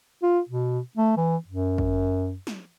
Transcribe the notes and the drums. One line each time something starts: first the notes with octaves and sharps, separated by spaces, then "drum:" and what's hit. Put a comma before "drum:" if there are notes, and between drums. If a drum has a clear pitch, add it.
F4
B2
A3
E3
F#2
drum: kick
drum: snare